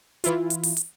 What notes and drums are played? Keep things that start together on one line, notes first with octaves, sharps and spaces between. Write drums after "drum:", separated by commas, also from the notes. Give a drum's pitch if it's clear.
E3 E4 F4, drum: hi-hat
drum: hi-hat
drum: open hi-hat
drum: hi-hat